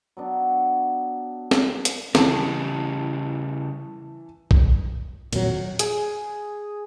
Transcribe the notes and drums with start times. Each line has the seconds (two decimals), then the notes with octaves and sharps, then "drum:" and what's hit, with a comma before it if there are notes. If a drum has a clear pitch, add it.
0.17 F#3 B3 D4
1.51 drum: snare
1.85 drum: hi-hat
2.15 C#3 E3 G3 A5, drum: snare
4.51 drum: kick A#1
5.33 D#1 F2 A#2 F#3, drum: cymbal
5.79 G#4, drum: hi-hat